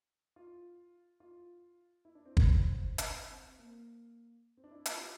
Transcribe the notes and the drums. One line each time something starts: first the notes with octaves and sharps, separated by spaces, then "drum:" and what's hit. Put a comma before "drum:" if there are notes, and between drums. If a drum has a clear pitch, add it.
F4
F4
E4
D4
C4
D4, drum: kick
C4
drum: hi-hat
C4
A#3
C4
D4
E4
F4, drum: hi-hat
G4